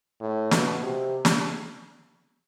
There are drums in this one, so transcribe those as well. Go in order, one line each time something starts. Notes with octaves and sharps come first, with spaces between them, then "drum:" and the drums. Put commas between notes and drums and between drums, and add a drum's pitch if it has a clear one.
A2
B2, drum: snare
C3
drum: snare